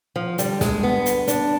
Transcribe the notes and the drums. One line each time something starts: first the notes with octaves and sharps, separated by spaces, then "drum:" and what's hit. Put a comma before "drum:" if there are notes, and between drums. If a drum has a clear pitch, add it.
F3
G2 D3 G3, drum: hi-hat
G#3, drum: snare
B3
drum: hi-hat
D4, drum: hi-hat